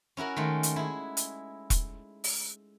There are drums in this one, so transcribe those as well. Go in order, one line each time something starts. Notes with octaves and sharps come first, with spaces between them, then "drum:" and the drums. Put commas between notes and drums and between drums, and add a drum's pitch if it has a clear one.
C#4 E4 F#4 A#4
D#3 G#3 A3
drum: hi-hat
E4 G#4
drum: hi-hat
drum: kick E1, hi-hat
drum: open hi-hat